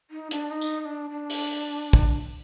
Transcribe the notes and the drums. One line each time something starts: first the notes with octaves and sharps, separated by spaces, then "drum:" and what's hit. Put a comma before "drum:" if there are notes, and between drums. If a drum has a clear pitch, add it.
D#4
D4, drum: hi-hat
D#4
drum: tambourine
D#4
D4
D4
drum: open hi-hat
drum: kick